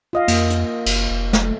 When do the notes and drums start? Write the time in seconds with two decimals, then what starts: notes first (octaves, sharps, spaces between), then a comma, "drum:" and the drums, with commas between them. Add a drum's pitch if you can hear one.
0.13 F4 D#5 F5
0.28 F2 A#3, drum: cymbal
0.50 drum: hi-hat
0.86 F#1, drum: cymbal
1.10 F1
1.33 A3, drum: snare